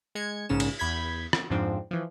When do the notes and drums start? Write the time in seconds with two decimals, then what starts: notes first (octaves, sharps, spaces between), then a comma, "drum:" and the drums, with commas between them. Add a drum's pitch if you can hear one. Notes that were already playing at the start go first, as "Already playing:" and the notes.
0.15 G#3 G#6 C#7
0.49 A#1 G#2 C#3 C#4 E7
0.60 drum: cymbal
0.79 E2 B5 G6 G#6 B6
1.33 drum: rim click
1.50 F2 G#2 F3 C4 D4
1.91 E3 F3